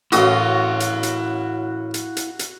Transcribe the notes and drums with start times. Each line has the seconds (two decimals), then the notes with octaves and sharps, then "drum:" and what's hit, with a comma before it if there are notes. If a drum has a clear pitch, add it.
0.12 A1 F#2 E4 F#4 F5 D#6, drum: hi-hat
0.80 drum: hi-hat
1.03 drum: hi-hat
1.94 drum: hi-hat
2.17 drum: hi-hat
2.39 drum: hi-hat